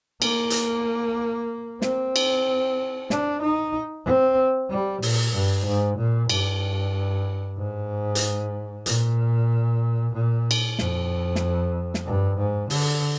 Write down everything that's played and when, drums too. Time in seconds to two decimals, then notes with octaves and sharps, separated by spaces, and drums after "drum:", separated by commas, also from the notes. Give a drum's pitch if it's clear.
0.22 A#3, drum: cymbal
0.50 drum: hi-hat
1.82 C4, drum: snare
2.16 drum: cymbal
3.10 D4, drum: snare
3.42 D#4
4.05 C4
4.70 G3
5.02 A#2, drum: open hi-hat
5.34 G2
5.65 G#2
5.98 A#2
6.29 G2, drum: cymbal
7.58 G#2
8.15 drum: hi-hat
8.86 A#2, drum: hi-hat
10.14 A#2
10.51 drum: cymbal
10.78 F2, drum: snare
11.35 drum: snare
11.94 drum: snare
12.06 G2
12.38 G#2
12.70 D3, drum: open hi-hat